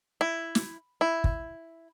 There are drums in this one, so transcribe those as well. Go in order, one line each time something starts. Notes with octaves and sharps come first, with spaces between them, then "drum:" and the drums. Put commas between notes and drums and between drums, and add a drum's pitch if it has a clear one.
E4
drum: snare
E4
drum: kick